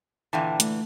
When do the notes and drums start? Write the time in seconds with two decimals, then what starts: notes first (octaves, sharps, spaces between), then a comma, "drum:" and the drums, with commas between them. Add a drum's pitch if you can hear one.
0.33 A#2 D3 E3 E5 G5 A5
0.60 A3, drum: hi-hat